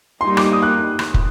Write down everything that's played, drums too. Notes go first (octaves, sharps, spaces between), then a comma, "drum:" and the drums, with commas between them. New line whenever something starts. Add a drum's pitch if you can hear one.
G3 A#3 D#4 C6
D6, drum: rim click
D#6
F#6
drum: rim click
drum: kick